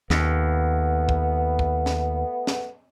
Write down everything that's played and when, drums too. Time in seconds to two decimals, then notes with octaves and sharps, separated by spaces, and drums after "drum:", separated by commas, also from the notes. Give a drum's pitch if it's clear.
0.10 D#2 A3 B3, drum: snare
1.09 drum: kick
1.59 drum: kick
1.86 drum: snare
2.47 drum: snare